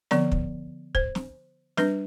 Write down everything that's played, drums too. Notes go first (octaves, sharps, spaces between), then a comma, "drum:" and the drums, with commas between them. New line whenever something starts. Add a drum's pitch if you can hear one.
D3 F3 B3 D5, drum: snare
drum: kick
C5, drum: kick
drum: snare
G3 D4 B4, drum: snare